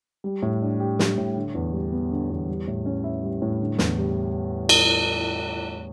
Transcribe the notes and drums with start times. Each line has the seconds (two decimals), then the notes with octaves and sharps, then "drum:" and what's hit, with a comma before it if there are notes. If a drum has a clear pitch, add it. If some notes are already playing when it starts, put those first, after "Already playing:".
0.24 G3
0.42 A2
0.62 D4
0.80 G4
0.99 G3, drum: snare
1.18 A2
1.36 D3
1.55 E2
1.73 G3
1.92 B3
2.11 D3
2.30 E2
2.48 G3
2.68 A2
2.86 C#4
3.04 E4
3.23 G3
3.42 A2
3.60 D3
3.78 E2, drum: snare
3.98 G3
4.69 drum: cymbal